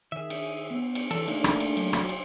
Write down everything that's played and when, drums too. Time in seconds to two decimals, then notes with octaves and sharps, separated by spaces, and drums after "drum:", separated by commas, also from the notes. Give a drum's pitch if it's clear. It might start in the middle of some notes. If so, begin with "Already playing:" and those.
0.12 D#3 G#4 E5
0.30 drum: cymbal
0.71 B3
0.95 drum: cymbal
1.11 E3 A4, drum: cymbal
1.28 A3 A#3 D4 D#4, drum: cymbal
1.44 drum: rim click
1.60 drum: cymbal
1.77 F#3, drum: cymbal
1.93 drum: rim click
2.09 drum: cymbal